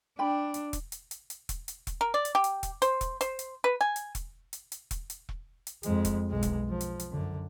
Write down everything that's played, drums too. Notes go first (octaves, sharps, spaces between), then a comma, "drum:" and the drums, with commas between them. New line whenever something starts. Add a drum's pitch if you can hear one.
D4 G5 B5
drum: hi-hat
drum: kick E1, hi-hat
drum: hi-hat
drum: hi-hat
drum: hi-hat
drum: kick E1, hi-hat
drum: hi-hat
drum: kick E1, hi-hat
A#4
D5
drum: hi-hat
G4
drum: hi-hat
drum: kick E1, hi-hat
C5, drum: hi-hat
drum: kick E1, hi-hat
C5, drum: hi-hat
drum: hi-hat
B4
G#5
drum: hi-hat
drum: kick E1, hi-hat
drum: hi-hat
drum: hi-hat
drum: kick E1, hi-hat
drum: hi-hat
drum: kick E1
drum: hi-hat
F2 G#3, drum: hi-hat
drum: kick E1, hi-hat
B1 G#3
drum: kick E1, hi-hat
F3
drum: hi-hat
drum: hi-hat
F#2 D3